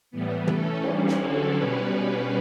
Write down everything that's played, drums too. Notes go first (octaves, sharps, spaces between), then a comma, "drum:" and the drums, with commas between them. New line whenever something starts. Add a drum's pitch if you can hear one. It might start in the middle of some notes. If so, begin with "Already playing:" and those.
A2 E3 G3 B3
E3 A3 C#4 A4, drum: tom
E3 G3 C#4, drum: cymbal
drum: snare
D3 F#3 C#4 A4
B2 G3 C#4 B4